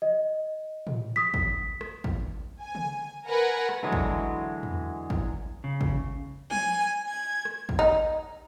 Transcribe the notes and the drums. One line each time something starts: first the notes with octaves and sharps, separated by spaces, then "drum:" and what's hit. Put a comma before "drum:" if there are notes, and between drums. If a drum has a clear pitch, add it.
D#5
drum: tom
D#6 B6
drum: kick
drum: rim click
drum: kick
G#5
drum: tom C#3
A#4 B4 F#5 G#5 A#5
drum: rim click
D3 E3 F#3 G#3
drum: kick
drum: tom E2
drum: kick
C#3
drum: kick
G#5, drum: tom F3
G#6
drum: rim click
drum: kick
D#4